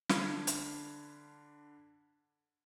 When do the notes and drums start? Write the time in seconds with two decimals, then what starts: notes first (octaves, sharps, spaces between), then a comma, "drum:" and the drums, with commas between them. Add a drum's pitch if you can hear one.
0.10 D3 D4 B5 F6 G#6 C7, drum: snare
0.47 drum: hi-hat